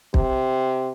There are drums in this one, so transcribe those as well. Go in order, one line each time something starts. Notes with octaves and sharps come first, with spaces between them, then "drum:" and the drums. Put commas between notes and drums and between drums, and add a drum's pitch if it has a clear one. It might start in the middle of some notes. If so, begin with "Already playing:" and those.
C3, drum: kick